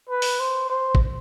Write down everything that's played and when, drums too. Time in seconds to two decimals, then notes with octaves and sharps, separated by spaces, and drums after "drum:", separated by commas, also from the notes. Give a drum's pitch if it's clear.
0.09 B4
0.22 drum: open hi-hat
0.40 C5
0.69 C5
0.95 drum: kick